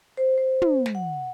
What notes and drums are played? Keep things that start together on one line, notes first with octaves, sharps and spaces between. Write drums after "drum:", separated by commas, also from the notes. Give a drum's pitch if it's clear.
C5
C5
drum: tom
drum: snare
F#5